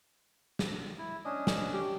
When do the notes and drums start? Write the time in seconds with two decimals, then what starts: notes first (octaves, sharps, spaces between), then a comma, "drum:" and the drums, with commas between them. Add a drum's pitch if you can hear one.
0.59 drum: snare
0.99 E4
1.25 C#4 D4 D#5
1.47 drum: snare
1.74 G4